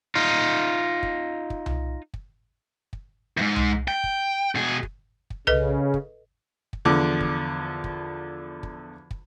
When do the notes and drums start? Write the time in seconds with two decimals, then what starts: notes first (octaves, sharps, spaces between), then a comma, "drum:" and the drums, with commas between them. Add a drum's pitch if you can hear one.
0.15 D#4 F4
1.03 drum: kick
1.50 drum: kick
1.66 drum: tom C2
2.14 drum: kick
2.93 drum: kick
3.37 E2 G#2
3.56 drum: tom C2
3.88 G5
4.04 drum: kick
4.55 B2 G#4
4.83 drum: kick
5.30 drum: kick
5.47 C#3 A4 B4 D#5, drum: tom C2
5.94 drum: kick
6.73 drum: kick
6.85 E2 D3 F3 D6
7.20 drum: kick
7.84 drum: kick
8.63 drum: kick
9.11 drum: kick